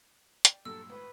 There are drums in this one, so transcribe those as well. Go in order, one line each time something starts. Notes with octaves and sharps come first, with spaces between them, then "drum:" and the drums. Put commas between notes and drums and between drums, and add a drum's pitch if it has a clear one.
D5 G5, drum: hi-hat
G2 A#2 F#3 A4 E6
G#1 A2 B4